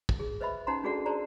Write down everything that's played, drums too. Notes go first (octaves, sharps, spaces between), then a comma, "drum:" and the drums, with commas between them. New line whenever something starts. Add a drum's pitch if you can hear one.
drum: kick
G#4
B4 C5 D#5 E5 B5
C#4 D#4 C5 F#5 A#5 C6
D4 F#4 G#4 A4 D5 F#5
G#4 A#4 C5 D5 A5 A#5